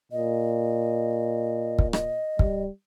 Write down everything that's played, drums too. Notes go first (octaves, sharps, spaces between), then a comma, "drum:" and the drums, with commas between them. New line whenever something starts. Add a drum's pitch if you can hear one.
A#2 D#5
drum: kick
D#5, drum: rim click
G3, drum: kick